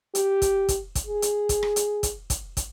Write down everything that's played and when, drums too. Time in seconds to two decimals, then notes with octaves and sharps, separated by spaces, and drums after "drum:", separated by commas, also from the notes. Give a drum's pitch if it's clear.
0.15 G4, drum: hi-hat
0.42 drum: kick, hi-hat
0.69 drum: kick, hi-hat
0.95 drum: kick, hi-hat
1.07 G#4
1.22 drum: hi-hat
1.49 drum: kick, hi-hat
1.63 drum: rim click
1.76 drum: hi-hat
2.03 drum: kick, hi-hat
2.30 drum: kick, hi-hat
2.57 drum: kick, hi-hat